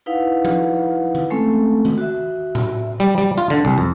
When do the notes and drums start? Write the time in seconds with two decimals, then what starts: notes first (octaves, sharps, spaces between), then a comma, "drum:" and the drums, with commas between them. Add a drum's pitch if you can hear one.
0.06 D#4 E4 B4 F5 F#5
0.45 drum: tom F3
1.15 drum: tom D#3
1.30 G#3 A3 C4 C#4 A4
1.85 drum: tom D#3
1.98 F#4 E5
2.55 drum: tom A2
3.00 G3
3.18 G3
3.38 F4
3.50 D3
3.65 C2
3.78 F2